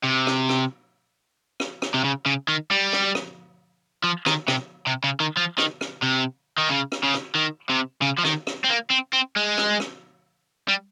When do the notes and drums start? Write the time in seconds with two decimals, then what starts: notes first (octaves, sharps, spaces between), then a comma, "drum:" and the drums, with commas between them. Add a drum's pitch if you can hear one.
0.04 C3
0.27 drum: rim click
0.49 drum: rim click
1.60 drum: rim click
1.82 drum: rim click
1.94 C3
2.04 C#3
2.26 C#3
2.49 D#3
2.71 G3
2.93 drum: rim click
3.15 drum: rim click
4.04 F3
4.26 D#3, drum: rim click
4.48 C3, drum: rim click
4.87 C3
5.04 C#3
5.20 D#3
5.37 F3
5.58 D#3, drum: rim click
5.81 drum: rim click
6.03 C3
6.58 D#3
6.69 C#3
6.92 drum: rim click
7.03 C#3
7.14 drum: rim click
7.35 D#3
7.70 C3
8.02 C#3
8.18 F3
8.24 D#3, drum: rim click
8.47 drum: rim click
8.64 C4
8.70 A#3
8.91 C4
9.13 C4
9.36 G#3
9.58 drum: rim click
9.80 drum: rim click
10.68 G3